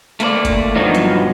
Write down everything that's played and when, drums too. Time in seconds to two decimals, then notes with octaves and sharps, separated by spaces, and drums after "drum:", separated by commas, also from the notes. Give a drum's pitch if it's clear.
0.20 A3 A#3 B4 D5, drum: hi-hat
0.45 drum: kick, hi-hat
0.75 G2 B2 F3 F#3 B3 D#4
0.95 drum: hi-hat